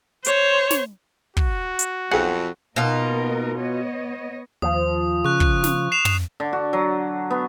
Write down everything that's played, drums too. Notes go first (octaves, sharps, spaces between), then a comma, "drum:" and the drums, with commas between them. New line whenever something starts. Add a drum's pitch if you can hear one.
C5 C#5, drum: hi-hat
drum: snare
F#4, drum: kick
drum: hi-hat
B1 F2 G#4 F#5
B2 A#3 D#4 F4 A#4
B3 C#5 D#5
D#2 F3 D#6
C#3 C#6 F#6
drum: kick
drum: snare
C7 E7 F7
drum: tom
D3
F#4
F#3
B3